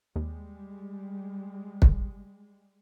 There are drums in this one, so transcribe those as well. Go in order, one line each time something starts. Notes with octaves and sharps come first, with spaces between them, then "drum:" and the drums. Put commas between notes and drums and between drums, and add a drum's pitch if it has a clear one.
D#2 G3 G#3
drum: kick